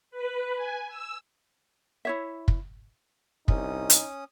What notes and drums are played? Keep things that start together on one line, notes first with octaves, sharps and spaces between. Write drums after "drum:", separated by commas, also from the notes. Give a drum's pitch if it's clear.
B4
G#5
E6
E4 C#5 E5
drum: kick
C2 C#4 D#4 D#6, drum: kick
drum: hi-hat